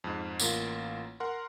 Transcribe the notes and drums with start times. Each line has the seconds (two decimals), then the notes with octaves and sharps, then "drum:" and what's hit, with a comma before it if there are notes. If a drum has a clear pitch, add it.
0.04 F2 G#2
0.40 A1 A#3 F4, drum: tambourine
1.20 A#4 F#5 C6